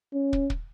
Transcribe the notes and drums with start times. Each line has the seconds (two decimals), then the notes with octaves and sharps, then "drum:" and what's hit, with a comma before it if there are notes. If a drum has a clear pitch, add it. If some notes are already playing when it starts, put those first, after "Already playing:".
0.13 C#4
0.33 drum: kick
0.50 drum: kick